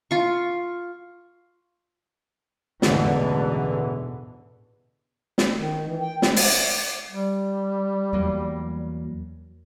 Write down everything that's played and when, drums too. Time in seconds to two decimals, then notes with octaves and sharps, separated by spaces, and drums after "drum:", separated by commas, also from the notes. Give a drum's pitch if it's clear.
0.11 F4 C#6
2.82 A1 E2 G#2 B2 D3 E3, drum: snare
5.38 drum: snare
5.57 D#3
5.86 E3
6.01 G5
6.22 G#3, drum: snare
6.36 drum: open hi-hat
7.10 G3
8.13 E2 F#3 A#3